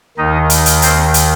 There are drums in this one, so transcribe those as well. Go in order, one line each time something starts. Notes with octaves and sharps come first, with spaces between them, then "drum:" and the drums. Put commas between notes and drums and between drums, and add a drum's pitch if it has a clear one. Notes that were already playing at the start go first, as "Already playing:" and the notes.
D#2 D#3 D#4 D#5
drum: hi-hat
drum: hi-hat
C4 C5, drum: hi-hat
drum: hi-hat